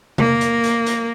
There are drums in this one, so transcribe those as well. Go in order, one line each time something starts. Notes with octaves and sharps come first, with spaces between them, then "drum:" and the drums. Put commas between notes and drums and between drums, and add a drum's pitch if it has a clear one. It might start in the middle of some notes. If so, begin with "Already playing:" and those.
A#3, drum: tom C3
drum: hi-hat
drum: hi-hat
drum: hi-hat